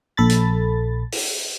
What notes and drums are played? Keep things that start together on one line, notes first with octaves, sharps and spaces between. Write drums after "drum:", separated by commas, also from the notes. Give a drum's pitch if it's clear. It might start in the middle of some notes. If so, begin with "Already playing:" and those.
A#1 A4 B5 A6
drum: hi-hat
drum: open hi-hat